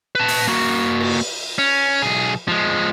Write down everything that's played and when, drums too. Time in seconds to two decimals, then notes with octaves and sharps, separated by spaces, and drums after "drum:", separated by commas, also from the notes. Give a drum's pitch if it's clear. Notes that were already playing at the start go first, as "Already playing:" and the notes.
0.15 B4 A5
0.28 drum: open hi-hat
0.47 A#3 F#4
1.00 drum: cymbal
1.58 C#4
2.02 B1 G#4
2.48 F3 G#3